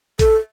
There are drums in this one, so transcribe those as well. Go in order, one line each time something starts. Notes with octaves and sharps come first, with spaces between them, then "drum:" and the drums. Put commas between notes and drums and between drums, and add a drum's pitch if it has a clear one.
A4, drum: kick A#1, hi-hat